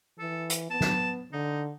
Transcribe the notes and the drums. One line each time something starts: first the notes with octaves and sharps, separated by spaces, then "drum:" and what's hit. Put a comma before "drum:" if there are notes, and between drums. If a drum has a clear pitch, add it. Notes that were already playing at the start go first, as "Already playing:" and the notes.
E3 A4
drum: hi-hat
B3 A5
drum: snare
D3 D#4